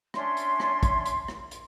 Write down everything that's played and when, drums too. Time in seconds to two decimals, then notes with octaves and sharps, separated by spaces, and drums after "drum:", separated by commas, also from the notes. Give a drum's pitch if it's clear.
0.14 C#4 D4 E5 C6, drum: rim click
0.37 drum: hi-hat
0.60 drum: rim click
0.83 drum: kick, hi-hat
1.06 drum: hi-hat
1.28 drum: rim click
1.51 drum: hi-hat